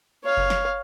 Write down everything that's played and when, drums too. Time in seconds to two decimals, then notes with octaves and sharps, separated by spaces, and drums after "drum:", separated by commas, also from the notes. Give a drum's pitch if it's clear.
0.24 C#5 F5
0.37 drum: kick F#1
0.50 drum: snare